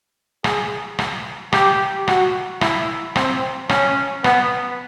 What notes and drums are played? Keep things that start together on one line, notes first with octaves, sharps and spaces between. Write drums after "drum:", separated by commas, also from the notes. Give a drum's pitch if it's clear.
G#4, drum: rim click
drum: rim click
G4, drum: rim click
F#4, drum: rim click
E4, drum: rim click
C4, drum: rim click
C#4, drum: rim click
B3, drum: rim click